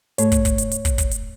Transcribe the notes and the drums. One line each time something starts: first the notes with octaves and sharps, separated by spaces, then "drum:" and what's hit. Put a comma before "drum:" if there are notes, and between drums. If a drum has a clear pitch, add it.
G#2 A3 A4 C#5, drum: hi-hat
drum: kick, hi-hat
drum: kick, hi-hat
drum: hi-hat
drum: hi-hat
drum: kick, hi-hat
drum: kick, hi-hat
drum: hi-hat